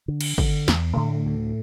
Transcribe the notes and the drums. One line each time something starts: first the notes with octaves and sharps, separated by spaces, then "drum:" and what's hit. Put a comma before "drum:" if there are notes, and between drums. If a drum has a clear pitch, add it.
D3
drum: cymbal
D3, drum: kick
E2, drum: snare
A2 D3 A3
D2